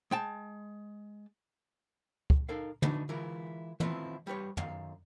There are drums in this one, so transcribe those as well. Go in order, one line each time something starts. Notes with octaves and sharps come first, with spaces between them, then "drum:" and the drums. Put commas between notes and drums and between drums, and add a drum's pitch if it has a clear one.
G#3 G5 A5
drum: kick
D#4 A4 A#4 F5
A3 D4 D#4 F#4 B4, drum: tom
E3 G#3 E4 F4 A#4
D#3 A3 C4 E4 F4 B4, drum: tom
G3 G4 B4 C#5
F#2 D#3 F5, drum: tom